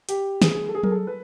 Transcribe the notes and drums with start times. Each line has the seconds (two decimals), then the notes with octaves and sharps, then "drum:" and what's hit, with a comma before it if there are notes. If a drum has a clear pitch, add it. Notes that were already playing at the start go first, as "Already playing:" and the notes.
0.09 G4, drum: hi-hat
0.42 G#4, drum: snare
0.69 A4
0.75 G#4
0.83 A#4, drum: tom F#3
0.91 A4
1.07 B4